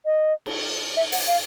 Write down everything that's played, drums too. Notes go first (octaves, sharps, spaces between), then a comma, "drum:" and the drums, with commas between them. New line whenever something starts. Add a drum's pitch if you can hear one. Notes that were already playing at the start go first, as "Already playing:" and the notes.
D#5
drum: cymbal
E5
F#5, drum: open hi-hat
F5